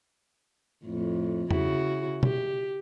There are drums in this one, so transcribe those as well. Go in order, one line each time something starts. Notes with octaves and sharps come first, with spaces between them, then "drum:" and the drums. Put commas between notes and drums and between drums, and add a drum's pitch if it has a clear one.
F2 A2
C#3 E4 F#4, drum: tom E2
G4, drum: tom B2